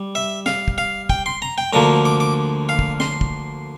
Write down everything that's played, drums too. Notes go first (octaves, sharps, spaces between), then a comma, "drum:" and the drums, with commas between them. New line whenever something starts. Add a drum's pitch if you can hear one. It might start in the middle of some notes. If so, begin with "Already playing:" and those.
Already playing: G3
E5
F5, drum: snare
drum: kick
F5
G5, drum: kick
C6
A#5
G5
D2 D3 F3 A#3 A#5
D6
D6
F5
drum: kick
C6, drum: snare
drum: kick